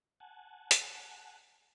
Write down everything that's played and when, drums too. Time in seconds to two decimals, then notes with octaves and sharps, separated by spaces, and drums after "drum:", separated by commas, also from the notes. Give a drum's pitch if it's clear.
0.20 F#5 G#5 A5
0.71 drum: hi-hat